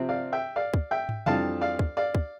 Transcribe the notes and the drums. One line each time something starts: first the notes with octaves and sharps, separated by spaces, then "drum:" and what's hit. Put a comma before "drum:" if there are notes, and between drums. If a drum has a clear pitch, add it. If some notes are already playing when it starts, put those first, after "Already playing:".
Already playing: C3 F3 C4
D5 F5
E5 G5
D5 F5
drum: kick
E5 G5
drum: tom
F2 E3 G3 D4 F5 A5, drum: tom C3
D5 F5
drum: kick
D5 F5
drum: kick